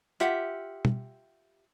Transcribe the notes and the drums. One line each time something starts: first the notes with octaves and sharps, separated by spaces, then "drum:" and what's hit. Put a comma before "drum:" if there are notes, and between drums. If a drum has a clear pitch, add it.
F4 G4 E5 F#5, drum: hi-hat
drum: tom